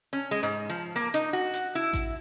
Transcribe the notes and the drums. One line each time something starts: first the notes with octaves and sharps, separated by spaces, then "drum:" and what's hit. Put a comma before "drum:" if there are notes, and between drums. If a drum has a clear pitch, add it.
C#4
G#3
G#2
F3
A#3
D#4, drum: hi-hat
F#4
drum: hi-hat
E4
drum: kick A1, hi-hat